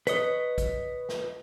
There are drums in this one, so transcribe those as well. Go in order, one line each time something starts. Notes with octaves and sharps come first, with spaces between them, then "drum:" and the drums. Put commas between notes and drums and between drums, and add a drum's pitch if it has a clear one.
B4 C#5 D#5, drum: hi-hat
drum: kick A#1, hi-hat
drum: snare